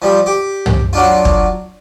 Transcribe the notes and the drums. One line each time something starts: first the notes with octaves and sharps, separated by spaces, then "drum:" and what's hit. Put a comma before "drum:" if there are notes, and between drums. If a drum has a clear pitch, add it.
F3 G3
G4
drum: tom
F#3 D4 F4
drum: kick